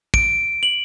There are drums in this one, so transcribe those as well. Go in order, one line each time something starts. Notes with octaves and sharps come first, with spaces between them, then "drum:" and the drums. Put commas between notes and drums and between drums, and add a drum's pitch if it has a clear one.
D7, drum: kick
F#7